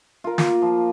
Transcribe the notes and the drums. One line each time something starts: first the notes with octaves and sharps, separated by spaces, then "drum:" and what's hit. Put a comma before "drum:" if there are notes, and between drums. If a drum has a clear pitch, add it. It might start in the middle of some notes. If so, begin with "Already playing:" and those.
F4 A#4
A#3 F4, drum: snare
F3